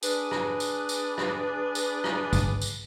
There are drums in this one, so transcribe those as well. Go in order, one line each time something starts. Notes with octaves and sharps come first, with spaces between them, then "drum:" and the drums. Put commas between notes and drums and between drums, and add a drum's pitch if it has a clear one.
D4 G#4 B4, drum: tambourine
drum: rim click
drum: tambourine
drum: tambourine
drum: rim click
drum: tambourine
drum: rim click
drum: kick, tambourine
drum: tambourine